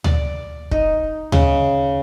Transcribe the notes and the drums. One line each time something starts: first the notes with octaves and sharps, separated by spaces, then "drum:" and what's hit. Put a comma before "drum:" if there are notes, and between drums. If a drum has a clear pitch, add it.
D5, drum: tom D2
D#4, drum: kick
C#3, drum: tom D2